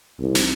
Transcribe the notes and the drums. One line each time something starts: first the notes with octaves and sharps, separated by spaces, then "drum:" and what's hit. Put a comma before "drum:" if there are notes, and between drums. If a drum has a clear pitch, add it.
C2
drum: snare